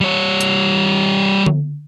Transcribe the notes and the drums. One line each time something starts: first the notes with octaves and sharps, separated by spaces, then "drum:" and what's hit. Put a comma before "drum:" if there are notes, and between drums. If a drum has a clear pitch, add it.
G3 C#5
drum: hi-hat
drum: tom D3